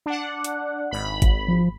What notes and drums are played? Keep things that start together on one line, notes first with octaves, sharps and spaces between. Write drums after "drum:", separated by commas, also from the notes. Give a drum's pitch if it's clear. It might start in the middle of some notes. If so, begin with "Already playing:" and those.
D4 F#5
drum: hi-hat
G#1 B5
drum: kick G#1, hi-hat
F3